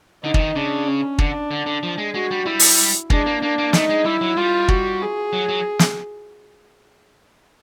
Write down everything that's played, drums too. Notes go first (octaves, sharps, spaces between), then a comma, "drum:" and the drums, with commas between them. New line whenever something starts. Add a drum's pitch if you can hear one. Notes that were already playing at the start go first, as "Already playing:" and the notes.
D3 D#4
D3, drum: kick
D#3
C#3 D4
C#4
D3 D4, drum: kick
D3
D3
F3
G#3
G#3 F#4
G3
G3 E4
drum: open hi-hat
G#3 D4, drum: kick
A#3
A#3 D4
A#3
A3 D#4, drum: snare
G#3
G3 E4
F#3
G3 F4
F#4, drum: kick
G#4
F#3
F#3
drum: snare